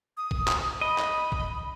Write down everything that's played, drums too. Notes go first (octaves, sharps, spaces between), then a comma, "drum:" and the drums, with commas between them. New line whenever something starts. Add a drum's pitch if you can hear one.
D#6
drum: kick A1
drum: clap
D#5 B5
drum: clap
drum: kick A1